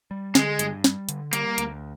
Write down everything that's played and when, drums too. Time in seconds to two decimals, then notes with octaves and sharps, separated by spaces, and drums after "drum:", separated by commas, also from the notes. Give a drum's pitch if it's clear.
0.11 G3
0.35 D3 G#3, drum: snare
0.59 G2, drum: hi-hat
0.84 G3, drum: snare
1.09 D3, drum: hi-hat
1.33 G3 A#3, drum: hi-hat
1.58 D2, drum: hi-hat